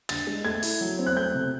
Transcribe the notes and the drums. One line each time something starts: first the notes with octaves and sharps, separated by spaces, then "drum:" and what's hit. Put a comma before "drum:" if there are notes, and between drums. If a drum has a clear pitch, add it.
D3 A6, drum: cymbal
G#3
A3 G#6
E4, drum: open hi-hat
F#3
C4
F#6
A3 G6
C3